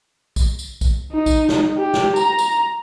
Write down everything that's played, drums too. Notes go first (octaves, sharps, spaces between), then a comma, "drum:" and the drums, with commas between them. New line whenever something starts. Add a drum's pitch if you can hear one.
drum: kick B1, tambourine
drum: tambourine
drum: kick B1, tambourine
D#4
drum: kick B1, tambourine
drum: snare
G4
drum: snare
A#5, drum: tambourine
drum: tambourine